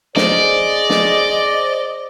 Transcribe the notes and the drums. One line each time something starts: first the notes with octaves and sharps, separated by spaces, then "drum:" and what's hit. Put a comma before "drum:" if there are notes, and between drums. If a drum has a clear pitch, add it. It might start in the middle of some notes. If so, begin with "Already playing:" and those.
G#4 C5 D5 D#5, drum: snare
drum: snare